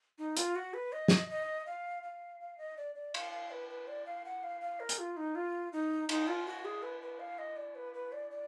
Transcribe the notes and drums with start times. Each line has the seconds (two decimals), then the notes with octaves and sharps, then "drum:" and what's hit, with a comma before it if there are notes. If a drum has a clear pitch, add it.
0.19 D#4
0.37 F4, drum: hi-hat
0.56 F#4
0.74 B4
0.92 D#5
1.08 drum: snare
1.30 D#5
1.66 F5
2.03 F5
2.40 F5
2.58 D#5
2.77 D5
2.95 D5
3.14 F5, drum: cymbal
3.32 F5
3.51 B4
3.69 B4
3.88 D5
4.06 F5
4.25 F#5
4.43 F5
4.61 F5
4.80 A#4
4.89 drum: hi-hat
4.98 F4
5.17 D#4
5.35 F4
5.73 D#4
6.09 D#4, drum: cymbal
6.28 F4
6.46 F#4
6.65 G#4
6.83 B4
7.01 B4
7.20 F5
7.38 D#5
7.57 D5
7.75 B4
7.94 B4
8.12 D5
8.31 D5